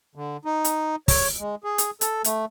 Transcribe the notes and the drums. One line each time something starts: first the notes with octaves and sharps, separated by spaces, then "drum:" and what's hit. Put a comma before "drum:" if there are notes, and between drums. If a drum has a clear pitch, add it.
D3
D#4
drum: hi-hat
C#5, drum: kick, open hi-hat
G#3
G#4
drum: hi-hat
A4, drum: hi-hat
A3, drum: hi-hat